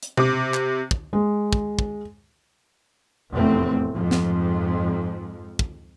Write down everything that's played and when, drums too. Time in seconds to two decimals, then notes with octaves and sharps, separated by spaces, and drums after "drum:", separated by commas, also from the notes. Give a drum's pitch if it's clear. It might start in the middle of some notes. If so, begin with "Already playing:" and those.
0.03 drum: hi-hat
0.17 C3 D6, drum: tom B2
0.54 drum: clap
0.91 drum: kick
1.13 G#3
1.53 drum: kick
1.79 drum: kick
3.33 F1 E2 A2 A3 C4
3.94 F2 G#2 F3
4.11 drum: snare
5.59 drum: kick